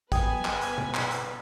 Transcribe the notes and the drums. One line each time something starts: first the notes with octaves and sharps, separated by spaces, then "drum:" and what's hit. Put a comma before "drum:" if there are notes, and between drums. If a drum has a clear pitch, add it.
G1 B3 B4 G5 G#5 D#6, drum: kick A1, hi-hat
drum: clap
drum: hi-hat
drum: tom B2
drum: clap
drum: hi-hat